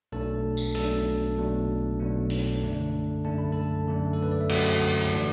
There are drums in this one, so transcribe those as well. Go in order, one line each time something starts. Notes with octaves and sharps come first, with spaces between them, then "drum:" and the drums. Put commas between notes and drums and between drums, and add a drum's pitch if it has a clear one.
B1 B2 A3 D4 A4 A5
drum: tambourine
B1 B2 A3 D4 A4 A5, drum: hi-hat
B1 B2 A3 D4
B1 B2 A3 D4
drum: hi-hat
F#2 D3 A3 D4
F#2 D3 A3 D4 A5
B5
A4 A5
F#2 D3 A3 D4
A4
B4
D5
E5
F#2 D3 A3 D4 F#4 F#5, drum: cymbal
drum: hi-hat
A2 E3 A3 D4